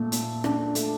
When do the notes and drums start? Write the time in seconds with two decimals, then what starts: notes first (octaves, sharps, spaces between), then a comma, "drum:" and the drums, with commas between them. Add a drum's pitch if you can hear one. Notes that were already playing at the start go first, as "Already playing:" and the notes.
Already playing: A#2 A3
0.12 A#2, drum: hi-hat
0.44 D4, drum: rim click
0.75 A3, drum: hi-hat